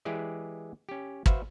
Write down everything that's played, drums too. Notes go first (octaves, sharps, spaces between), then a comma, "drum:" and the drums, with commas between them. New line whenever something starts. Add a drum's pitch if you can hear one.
E3 G#3 E4 G4 G#4 D5
C#4 G4
F#4 B4 C5 E5 F5, drum: kick